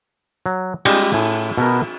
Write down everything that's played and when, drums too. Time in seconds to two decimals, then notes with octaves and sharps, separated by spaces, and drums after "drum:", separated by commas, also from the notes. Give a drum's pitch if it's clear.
0.46 F#3
0.85 G3 G#3 F4 G4 D#5, drum: cymbal
1.13 A2 G#5
1.58 B2 B3 A#4